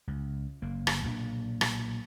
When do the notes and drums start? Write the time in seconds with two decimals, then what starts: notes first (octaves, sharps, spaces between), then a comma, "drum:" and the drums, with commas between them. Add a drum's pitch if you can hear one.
0.07 C#2
0.62 F#1 A#3
0.87 drum: rim click
1.03 B1 A#2 A#3 D4
1.61 drum: rim click